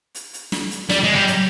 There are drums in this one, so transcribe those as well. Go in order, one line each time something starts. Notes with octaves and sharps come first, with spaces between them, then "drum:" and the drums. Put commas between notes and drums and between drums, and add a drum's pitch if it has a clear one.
drum: hi-hat
drum: hi-hat
drum: snare
drum: hi-hat
G3, drum: snare
G#3
G3
drum: hi-hat